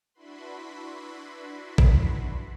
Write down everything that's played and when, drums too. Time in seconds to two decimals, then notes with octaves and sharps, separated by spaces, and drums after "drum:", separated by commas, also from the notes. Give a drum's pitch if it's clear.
0.14 D4 E4 F#4 B4 B5 C6
1.78 drum: kick A1